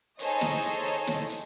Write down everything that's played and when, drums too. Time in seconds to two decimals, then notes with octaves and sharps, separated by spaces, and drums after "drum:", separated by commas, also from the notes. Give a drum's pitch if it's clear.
0.19 D#4 G#4 A4 C5 C#5 D#5, drum: hi-hat
0.41 drum: snare
0.63 drum: hi-hat
0.85 drum: hi-hat
1.07 drum: snare
1.29 drum: hi-hat